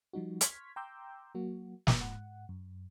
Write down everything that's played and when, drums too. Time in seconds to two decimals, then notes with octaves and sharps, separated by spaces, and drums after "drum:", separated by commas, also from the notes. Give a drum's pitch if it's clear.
0.13 F3 G3 D#4 F#4
0.41 C6 C#6 F6 G#6 B6, drum: hi-hat
0.76 G5 A#5 C6 D6 E6 G6
1.35 F#3 A#3 F#4
1.87 drum: snare
2.00 G#2 F#5
2.49 F#2